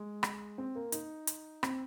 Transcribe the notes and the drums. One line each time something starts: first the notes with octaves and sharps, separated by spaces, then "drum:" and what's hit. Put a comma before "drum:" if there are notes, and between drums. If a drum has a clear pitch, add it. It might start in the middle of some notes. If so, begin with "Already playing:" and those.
Already playing: G#3
drum: rim click
C4
A#3
D#4, drum: hi-hat
drum: hi-hat
C4, drum: rim click